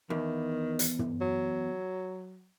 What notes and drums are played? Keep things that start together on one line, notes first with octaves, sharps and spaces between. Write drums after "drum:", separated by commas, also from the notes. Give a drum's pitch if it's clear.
E2 D#3
drum: hi-hat
drum: tom
F#3